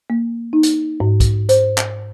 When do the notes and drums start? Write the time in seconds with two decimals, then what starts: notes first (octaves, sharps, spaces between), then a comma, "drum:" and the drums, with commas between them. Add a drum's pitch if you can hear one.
0.10 A#3
0.53 D#4
0.63 drum: hi-hat
1.00 G#2
1.20 drum: kick, hi-hat
1.49 C5, drum: hi-hat
1.78 drum: clap